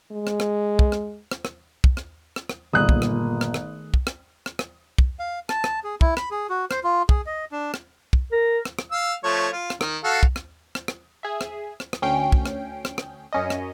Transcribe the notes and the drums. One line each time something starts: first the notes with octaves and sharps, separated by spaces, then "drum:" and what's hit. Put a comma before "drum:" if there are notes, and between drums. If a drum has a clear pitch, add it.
G#3
drum: rim click
drum: rim click
drum: kick
drum: rim click
drum: rim click
drum: rim click
drum: kick
drum: rim click
drum: rim click
drum: rim click
G1 A#2 D#3 A3 G#4 D#6 F#6
drum: kick
drum: rim click
drum: rim click
drum: rim click
drum: kick
drum: rim click
drum: rim click
drum: rim click
drum: kick
F5
A5, drum: rim click
drum: rim click
G#4
E4, drum: kick
B5, drum: rim click
G#4
F#4
C5, drum: rim click
F4
G#4, drum: kick
D#5
D4
drum: rim click
drum: kick
A#4
drum: rim click
drum: rim click
F5 E6
F3 A3 C#5
F4
drum: rim click
D#3, drum: rim click
F#4 A4 F5
drum: kick
drum: rim click
drum: rim click
drum: rim click
G#4 E5
drum: rim click
drum: rim click
drum: rim click
D2 C#4 G5 C7 D7
drum: kick
drum: rim click
drum: rim click
drum: rim click
F#2 C#4 D#5
drum: rim click